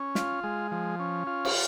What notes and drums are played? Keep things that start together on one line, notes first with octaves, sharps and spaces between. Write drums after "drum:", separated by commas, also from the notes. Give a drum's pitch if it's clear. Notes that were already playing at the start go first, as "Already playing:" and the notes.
Already playing: C#4
F4, drum: snare
G#3
F3
C#4
F4
drum: cymbal